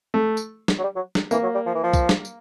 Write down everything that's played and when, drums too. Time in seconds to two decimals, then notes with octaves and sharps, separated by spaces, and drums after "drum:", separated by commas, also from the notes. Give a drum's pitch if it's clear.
0.14 A3
0.37 drum: tambourine
0.68 drum: snare
0.79 F#3
0.83 G3
0.96 F#3
1.15 drum: snare
1.31 E3 A#3, drum: tambourine
1.43 F#3
1.55 G3
1.66 F3
1.75 E3
1.83 F3
1.93 drum: kick, tambourine
2.09 drum: snare
2.25 drum: tambourine